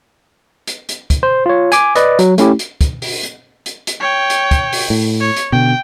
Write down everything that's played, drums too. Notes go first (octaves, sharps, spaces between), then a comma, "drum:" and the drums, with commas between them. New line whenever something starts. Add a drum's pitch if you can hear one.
drum: hi-hat
drum: hi-hat
drum: kick, hi-hat
C5
F4 C#5
G#5 D6, drum: hi-hat
B4 D5 D#5, drum: hi-hat
F#3, drum: hi-hat
A3 C#4 E4 G4, drum: hi-hat
drum: hi-hat
drum: kick, hi-hat
drum: open hi-hat
drum: hi-hat
drum: hi-hat
drum: hi-hat
C#5 G5
drum: hi-hat
drum: kick, hi-hat
drum: open hi-hat
A2
C#5
drum: hi-hat
B2 D3 G5